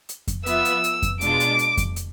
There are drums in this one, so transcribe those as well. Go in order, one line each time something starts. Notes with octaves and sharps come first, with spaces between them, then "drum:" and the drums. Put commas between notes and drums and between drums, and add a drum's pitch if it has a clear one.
drum: hi-hat
drum: kick F2, hi-hat
F3 B3 F4 B4 E5 E6, drum: hi-hat
drum: hi-hat
drum: hi-hat
drum: kick F2, hi-hat
B2 G#3 D4 F4 D6, drum: hi-hat
drum: hi-hat
drum: hi-hat
drum: kick F2, hi-hat
drum: hi-hat